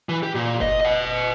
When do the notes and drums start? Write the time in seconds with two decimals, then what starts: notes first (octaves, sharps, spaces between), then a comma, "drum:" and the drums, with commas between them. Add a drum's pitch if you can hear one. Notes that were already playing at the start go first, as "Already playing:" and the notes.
0.09 E3
0.23 G4
0.35 A#2
0.61 D#5, drum: kick F#1
0.81 D#5 F#5